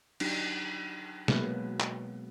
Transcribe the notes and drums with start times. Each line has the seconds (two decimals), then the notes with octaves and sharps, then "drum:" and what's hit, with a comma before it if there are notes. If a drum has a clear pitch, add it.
0.20 F#3 D4 D#4 G4, drum: cymbal
1.28 B2 F#3 G#3 A#3 B3 B4, drum: snare
1.80 drum: clap